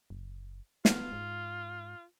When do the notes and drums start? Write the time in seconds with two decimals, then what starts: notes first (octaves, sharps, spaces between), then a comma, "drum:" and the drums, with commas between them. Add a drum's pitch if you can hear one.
0.10 F#1
0.85 B3 F4, drum: snare
1.12 G#2